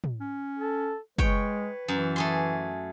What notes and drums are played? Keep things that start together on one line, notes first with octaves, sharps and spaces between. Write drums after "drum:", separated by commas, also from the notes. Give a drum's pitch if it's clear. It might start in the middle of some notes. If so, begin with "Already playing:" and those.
drum: tom
C#4
A4
G#3 B4 C#5 G5, drum: kick
F#2 E3
A3 G#4 C6